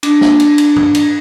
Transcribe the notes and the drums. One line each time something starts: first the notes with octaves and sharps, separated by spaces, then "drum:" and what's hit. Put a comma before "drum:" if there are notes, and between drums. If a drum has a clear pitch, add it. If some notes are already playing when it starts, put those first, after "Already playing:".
D4, drum: cymbal
drum: snare
drum: cymbal
drum: cymbal
drum: tom G2
drum: cymbal